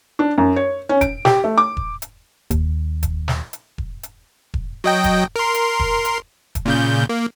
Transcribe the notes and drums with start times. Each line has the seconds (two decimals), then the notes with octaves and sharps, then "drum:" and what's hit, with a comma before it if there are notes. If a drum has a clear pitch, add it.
0.19 D4
0.38 F#2
0.56 C#5
0.89 C#4
1.01 D7, drum: kick E1, hi-hat
1.25 G4, drum: snare
1.44 A3
1.58 D6
1.77 drum: kick E1
2.02 drum: hi-hat
2.51 D#2, drum: kick E1, hi-hat
3.03 drum: kick E1, hi-hat
3.28 drum: snare
3.53 drum: hi-hat
3.78 drum: kick E1
4.03 drum: hi-hat
4.54 drum: kick E1
4.84 F#3 D#5 G5
5.04 drum: kick E1, hi-hat
5.36 A#4 C6
5.54 drum: hi-hat
5.80 drum: kick E1
6.05 drum: hi-hat
6.55 drum: kick E1, hi-hat
6.66 A#2 C#3 G6
7.09 A#3